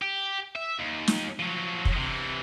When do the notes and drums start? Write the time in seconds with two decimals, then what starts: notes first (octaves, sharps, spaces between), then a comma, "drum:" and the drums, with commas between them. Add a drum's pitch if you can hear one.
0.02 G4
0.56 E5
0.79 D#2
1.08 drum: snare
1.39 F3 F#3
1.85 drum: kick
1.97 C3 E3